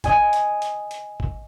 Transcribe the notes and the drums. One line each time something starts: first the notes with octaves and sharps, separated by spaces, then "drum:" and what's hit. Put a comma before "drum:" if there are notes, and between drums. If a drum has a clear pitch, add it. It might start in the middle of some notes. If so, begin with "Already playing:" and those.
D#5 G#5, drum: kick, hi-hat
drum: hi-hat
drum: hi-hat
drum: hi-hat
drum: kick